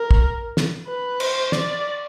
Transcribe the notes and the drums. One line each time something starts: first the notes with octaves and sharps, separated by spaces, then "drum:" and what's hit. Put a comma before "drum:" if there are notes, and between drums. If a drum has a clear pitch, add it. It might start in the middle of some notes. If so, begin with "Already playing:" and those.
Already playing: A#4
drum: kick
drum: snare
B4
C5, drum: cymbal
D5, drum: snare